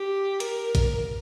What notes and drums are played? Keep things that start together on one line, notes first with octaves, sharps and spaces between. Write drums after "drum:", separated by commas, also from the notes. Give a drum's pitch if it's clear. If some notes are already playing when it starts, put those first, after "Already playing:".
Already playing: G4
A#4, drum: hi-hat
drum: kick, hi-hat